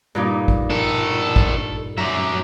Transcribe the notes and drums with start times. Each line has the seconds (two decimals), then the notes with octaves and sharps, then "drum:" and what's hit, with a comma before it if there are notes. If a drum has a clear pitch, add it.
0.15 G2 A#2 D#4
0.48 drum: kick G#1
0.70 D4 A4 A#4
1.36 drum: kick G#1
1.97 F#2 D4 E5 A#5